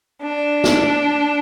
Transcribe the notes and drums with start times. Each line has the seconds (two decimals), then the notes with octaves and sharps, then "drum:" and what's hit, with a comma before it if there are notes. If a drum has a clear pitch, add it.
0.21 D4
0.64 drum: snare